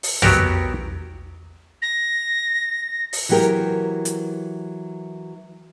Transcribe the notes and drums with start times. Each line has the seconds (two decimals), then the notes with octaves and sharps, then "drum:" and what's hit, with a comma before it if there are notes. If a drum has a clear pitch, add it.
0.03 drum: open hi-hat
0.22 F#3 B3 F#4 G4 A#4, drum: tom
1.82 A#6
3.13 drum: open hi-hat
3.29 E3 F#3 B3 G4 A#4
4.05 drum: hi-hat